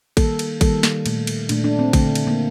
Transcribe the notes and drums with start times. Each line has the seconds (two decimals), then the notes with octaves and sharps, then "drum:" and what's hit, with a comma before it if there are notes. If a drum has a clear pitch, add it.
0.17 D#3 G3 A#3 A4, drum: kick A1, cymbal
0.39 drum: cymbal
0.61 D#3 G3 A#3 A4, drum: kick A1, cymbal
0.83 drum: snare
1.06 A#2 A3, drum: cymbal
1.27 drum: cymbal
1.49 A#2 A3 D4, drum: cymbal
1.64 D4
1.79 C4
1.93 D3 A3, drum: kick A1, cymbal
2.15 drum: cymbal
2.27 A#3